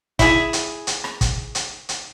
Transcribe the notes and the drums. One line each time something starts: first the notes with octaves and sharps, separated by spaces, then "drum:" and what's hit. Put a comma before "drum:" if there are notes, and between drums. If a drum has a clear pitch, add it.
E4 G#4, drum: kick, hi-hat
drum: hi-hat
drum: hi-hat
drum: rim click
drum: kick, hi-hat
drum: hi-hat
drum: hi-hat